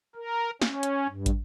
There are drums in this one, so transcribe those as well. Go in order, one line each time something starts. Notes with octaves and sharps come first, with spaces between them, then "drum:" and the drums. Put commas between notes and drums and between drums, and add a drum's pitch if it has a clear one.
A#4
C#4, drum: snare
drum: hi-hat
G2
drum: kick, hi-hat